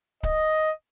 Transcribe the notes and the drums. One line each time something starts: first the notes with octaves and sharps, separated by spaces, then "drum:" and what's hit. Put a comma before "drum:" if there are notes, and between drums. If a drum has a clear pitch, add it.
D#5, drum: kick C#1